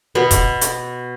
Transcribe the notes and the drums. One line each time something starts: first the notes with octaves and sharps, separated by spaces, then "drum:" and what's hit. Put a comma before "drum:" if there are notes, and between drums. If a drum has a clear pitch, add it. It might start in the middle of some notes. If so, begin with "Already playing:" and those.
B2 B3
drum: kick D#1, hi-hat
drum: hi-hat